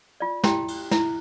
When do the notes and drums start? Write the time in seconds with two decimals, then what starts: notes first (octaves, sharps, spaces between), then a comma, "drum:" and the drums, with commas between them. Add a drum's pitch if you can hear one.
0.20 F4 D5
0.44 E4 G4 G5, drum: snare
0.68 drum: cymbal
0.91 E4, drum: snare